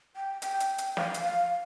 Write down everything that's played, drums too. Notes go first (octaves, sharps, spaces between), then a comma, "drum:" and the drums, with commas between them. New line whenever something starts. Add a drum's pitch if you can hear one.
G5
G5, drum: hi-hat
drum: hi-hat
drum: hi-hat
F5, drum: snare
drum: hi-hat
F5